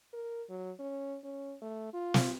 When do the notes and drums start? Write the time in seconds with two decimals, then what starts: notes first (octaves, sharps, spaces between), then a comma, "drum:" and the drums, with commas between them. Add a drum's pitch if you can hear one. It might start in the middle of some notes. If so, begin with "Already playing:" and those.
0.14 A#4
0.50 F#3
0.80 C#4
1.24 C#4
1.62 A3
1.93 F4
2.14 drum: snare